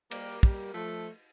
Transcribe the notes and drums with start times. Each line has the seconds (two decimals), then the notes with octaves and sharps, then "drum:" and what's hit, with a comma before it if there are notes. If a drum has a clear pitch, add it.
0.11 G3 A#3, drum: cymbal
0.43 G3 A#3, drum: kick
0.74 F3 A3